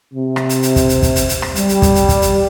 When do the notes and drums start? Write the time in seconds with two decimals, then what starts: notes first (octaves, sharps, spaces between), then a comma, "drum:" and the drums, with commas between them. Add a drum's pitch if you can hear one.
0.14 C3
0.36 drum: rim click
0.49 drum: hi-hat
0.63 drum: hi-hat
0.76 drum: kick, hi-hat
0.89 drum: hi-hat
1.02 drum: kick, hi-hat
1.16 drum: hi-hat
1.29 drum: hi-hat
1.42 drum: rim click
1.56 G3, drum: hi-hat
1.69 drum: hi-hat
1.82 drum: kick, hi-hat
1.95 drum: hi-hat
2.09 drum: kick, hi-hat
2.22 drum: hi-hat